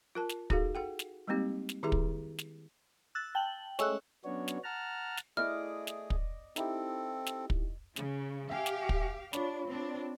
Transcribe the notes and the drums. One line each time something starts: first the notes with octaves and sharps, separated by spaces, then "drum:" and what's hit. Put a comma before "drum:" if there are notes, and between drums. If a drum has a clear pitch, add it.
F4 A#4 A5
drum: snare
D#4 F#4 G#4 A4 F5, drum: kick
A4 F#5 G5
drum: snare
G3 G#3 A#3 C4 D#4 G4
drum: snare
D#3 E4 G4 G#4 E5 A#5
drum: kick
drum: snare
E6 F#6 A6
G5 A5 F#7
G#3 A3 C#4 C#6 E6 F#6, drum: snare
F#3 B3 C#4 D4 F#4 C#5
drum: snare
F#5 A5 A#5 F6
drum: snare
A3 E4 G#4 D5 D#5 D6 F6
drum: snare
drum: kick
C4 D#4 E4 G4 A4, drum: snare
drum: snare
drum: kick
C#3, drum: snare
G4 E5 F5 G5 G#5
drum: snare
drum: kick
D4 F4 C#5 B5, drum: snare
C4 D4